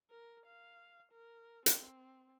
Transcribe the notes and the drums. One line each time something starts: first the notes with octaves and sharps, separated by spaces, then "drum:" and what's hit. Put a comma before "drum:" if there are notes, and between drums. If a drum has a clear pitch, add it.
A#4
F5
A#4
C4, drum: hi-hat